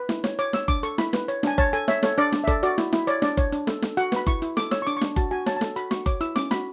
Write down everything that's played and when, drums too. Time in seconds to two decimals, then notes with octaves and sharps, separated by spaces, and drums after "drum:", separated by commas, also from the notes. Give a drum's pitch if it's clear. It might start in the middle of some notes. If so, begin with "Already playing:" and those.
Already playing: B4
0.09 E4, drum: snare
0.24 C#5, drum: snare
0.39 C#5 D6, drum: hi-hat
0.53 C#5 E6, drum: snare
0.68 D4 D6, drum: kick F#1, hi-hat
0.83 A4 C#6, drum: hi-hat
0.98 E4 B5, drum: snare
1.13 B4, drum: snare
1.28 C#5, drum: hi-hat
1.43 D4 G#5, drum: snare
1.58 C#5 A5, drum: kick F#1
1.73 A4 G#5, drum: hi-hat
1.88 C#5 E5, drum: snare
2.03 A4 C#5, drum: snare
2.18 D4 D5, drum: hi-hat
2.32 D4, drum: snare
2.44 E5
2.47 A4 D5, drum: kick F#1, hi-hat
2.63 F#4 D5, drum: hi-hat
2.78 E4, drum: snare
2.93 E4, drum: snare
3.07 C#5 D5, drum: hi-hat
3.22 D4 D5, drum: snare
3.37 C#5, drum: kick F#1, hi-hat
3.52 D4, drum: hi-hat
3.67 A4, drum: snare
3.82 A4, drum: snare
3.97 F#4 F#5, drum: hi-hat
4.12 B4 B5, drum: snare
4.27 E4 C#6, drum: kick F#1, hi-hat
4.42 E4, drum: hi-hat
4.57 A4 D6, drum: snare
4.71 C#5 E6, drum: snare
4.82 C#6
4.87 D4 D6, drum: hi-hat
4.97 C#6
5.01 D4, drum: snare
5.16 F#4 A5, drum: kick F#1, hi-hat
5.31 F#4 G#5
5.46 C#5 A5, drum: snare
5.57 A5
5.61 A4, drum: snare
5.76 F#4 B5, drum: hi-hat
5.91 F#4 C#6, drum: snare
6.06 C#5 D6, drum: kick F#1, hi-hat
6.21 E4 E6, drum: hi-hat
6.36 C#4 D6, drum: snare
6.51 F#4 B5, drum: snare